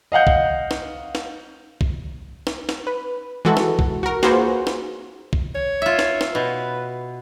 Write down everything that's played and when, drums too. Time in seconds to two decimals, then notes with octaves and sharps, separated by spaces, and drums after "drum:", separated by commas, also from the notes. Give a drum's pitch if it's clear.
0.12 D#5 F5 F#5 G6
0.27 drum: kick B1
0.71 drum: snare
1.15 drum: snare
1.81 drum: kick B1
2.47 drum: snare
2.69 drum: snare
2.87 B4
3.45 E3 G#3 F#4 A4
3.57 drum: snare
3.79 drum: kick B1
4.03 F#4 A#4
4.23 A#3 F4 F#4 G#4 B4 C5, drum: snare
4.67 drum: snare
5.33 drum: kick B1
5.55 C#5
5.82 F4 E5
5.99 drum: snare
6.21 drum: snare
6.35 B2 B4